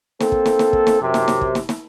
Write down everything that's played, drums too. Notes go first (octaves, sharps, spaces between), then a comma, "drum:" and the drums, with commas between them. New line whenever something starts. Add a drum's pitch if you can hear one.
A#3 C4 A4, drum: snare
drum: kick
drum: snare
drum: snare
drum: kick
drum: snare
F#2 C3
drum: snare
drum: snare
drum: kick
drum: snare
drum: snare